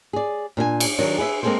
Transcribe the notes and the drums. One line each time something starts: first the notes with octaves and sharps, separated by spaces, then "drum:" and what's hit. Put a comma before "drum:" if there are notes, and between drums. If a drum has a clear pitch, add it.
G#4 D5
A#2 D4 A#4 G#5
drum: cymbal
D#3 F#3 D4
G#4 B4 D#5 E5
G#3 A#3 C4 G#4 A4 C5